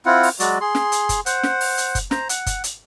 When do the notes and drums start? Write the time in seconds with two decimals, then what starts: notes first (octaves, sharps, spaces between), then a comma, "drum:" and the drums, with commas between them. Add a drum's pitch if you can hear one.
0.06 C4 E4 F4 F#5
0.23 drum: open hi-hat
0.40 F#3 G#3 F#4 D5, drum: hi-hat
0.61 G#4 C6
0.75 drum: snare
0.92 drum: hi-hat
1.09 drum: kick F#1, hi-hat
1.26 C5 F#5, drum: hi-hat
1.43 drum: snare
1.61 drum: open hi-hat
1.78 drum: hi-hat
1.95 drum: kick F#1, hi-hat
2.11 C5 A#5, drum: snare
2.29 F#5, drum: hi-hat
2.46 drum: kick F#1, hi-hat
2.64 drum: hi-hat